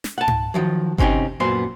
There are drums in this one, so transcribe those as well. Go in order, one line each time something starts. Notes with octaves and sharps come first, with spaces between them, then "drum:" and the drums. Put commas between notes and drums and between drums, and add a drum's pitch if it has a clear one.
drum: snare
F#5 A5
drum: tom G#2
D#3 F3 F#3
C3 C4 C#4 D#4 G4, drum: kick G1
F#2 A#2 B3 C5 C6